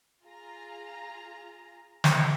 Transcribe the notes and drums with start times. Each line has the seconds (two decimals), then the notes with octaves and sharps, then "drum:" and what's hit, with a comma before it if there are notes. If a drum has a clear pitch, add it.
0.23 F4 G#4 A#5
2.04 drum: snare